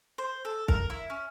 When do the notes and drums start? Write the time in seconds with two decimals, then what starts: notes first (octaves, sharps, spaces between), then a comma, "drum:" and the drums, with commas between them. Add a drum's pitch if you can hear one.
0.18 C5
0.45 A4
0.68 A#4, drum: kick
0.90 E4
1.10 C#4